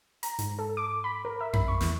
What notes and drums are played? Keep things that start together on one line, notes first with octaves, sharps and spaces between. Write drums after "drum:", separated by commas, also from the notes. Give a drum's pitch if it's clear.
A#5, drum: hi-hat
G#2, drum: hi-hat
A4
D6
B5
A#4
E5
B5, drum: tom F2
C#6
E2, drum: snare